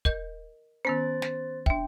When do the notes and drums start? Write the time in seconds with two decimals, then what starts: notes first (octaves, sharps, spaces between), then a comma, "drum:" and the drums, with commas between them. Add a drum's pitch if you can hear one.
0.05 A#4 D#5 G6, drum: kick
0.85 D#3 B3 C#4 C5 A6
1.22 drum: snare
1.66 D4 E5 G5, drum: kick